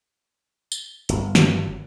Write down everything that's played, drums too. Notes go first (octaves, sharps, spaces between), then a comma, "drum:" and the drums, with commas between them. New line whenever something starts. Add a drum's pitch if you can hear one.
drum: tambourine
G1, drum: hi-hat
drum: snare